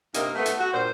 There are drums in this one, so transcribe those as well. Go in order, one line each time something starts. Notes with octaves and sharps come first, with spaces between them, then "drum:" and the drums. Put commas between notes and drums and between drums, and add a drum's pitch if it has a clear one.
G2 C3 A#3 A#4 D#5, drum: hi-hat
A3 B3
drum: hi-hat
F#4
G2 A#2 C5